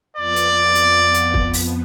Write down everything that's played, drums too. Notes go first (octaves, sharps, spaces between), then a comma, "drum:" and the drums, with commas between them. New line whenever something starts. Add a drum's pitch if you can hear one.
F2 F3 B3 D5
drum: hi-hat
drum: hi-hat
drum: hi-hat
drum: kick
drum: open hi-hat